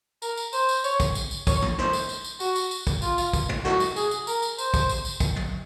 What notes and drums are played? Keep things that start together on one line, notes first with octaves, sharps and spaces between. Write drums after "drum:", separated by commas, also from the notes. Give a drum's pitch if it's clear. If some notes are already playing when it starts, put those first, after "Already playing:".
A#4, drum: tambourine
drum: tambourine
C5, drum: tambourine
drum: tambourine
C#5, drum: tambourine
drum: kick, tambourine
drum: tambourine
drum: tambourine
C#5, drum: kick, tambourine
drum: tom
C5, drum: snare
drum: tambourine
drum: tambourine
drum: tambourine
F#4, drum: tambourine
drum: tambourine
drum: tambourine
drum: kick, tambourine
F4, drum: tambourine
drum: tambourine
drum: kick, tambourine
drum: tom
F#4, drum: snare
drum: tambourine
G#4, drum: tambourine
drum: tambourine
A#4, drum: tambourine
drum: tambourine
C5, drum: tambourine
drum: kick, tambourine
drum: tambourine
drum: tambourine
drum: kick, tambourine
drum: tom